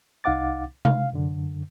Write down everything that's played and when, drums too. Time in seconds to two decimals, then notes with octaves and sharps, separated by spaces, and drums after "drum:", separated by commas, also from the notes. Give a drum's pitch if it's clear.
0.24 C2 D#4 F5 F#5 D6 A6
0.85 F5, drum: tom C3
1.13 F#2 D3